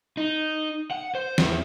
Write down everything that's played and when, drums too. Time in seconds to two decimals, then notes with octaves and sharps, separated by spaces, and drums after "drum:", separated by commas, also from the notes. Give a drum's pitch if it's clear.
0.17 D#4
0.91 F#5
1.15 C5
1.38 E2, drum: snare